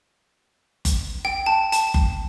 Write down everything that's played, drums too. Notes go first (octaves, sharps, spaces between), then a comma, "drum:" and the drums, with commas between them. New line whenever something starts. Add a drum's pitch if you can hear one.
drum: kick F#1, hi-hat
G5
A5
A5, drum: hi-hat
drum: kick F#1